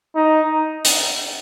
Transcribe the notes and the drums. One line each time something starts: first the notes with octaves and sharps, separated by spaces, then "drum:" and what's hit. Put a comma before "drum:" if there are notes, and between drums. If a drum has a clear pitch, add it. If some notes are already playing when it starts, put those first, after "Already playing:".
D#4
drum: hi-hat